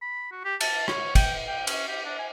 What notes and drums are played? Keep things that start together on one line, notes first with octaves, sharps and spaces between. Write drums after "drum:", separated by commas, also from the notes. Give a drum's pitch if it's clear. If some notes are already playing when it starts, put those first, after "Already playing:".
B5
F#4
G4
A5, drum: cymbal
C#5, drum: rim click
G5, drum: kick, cymbal
G5
C#4, drum: cymbal
G4
D4
G#5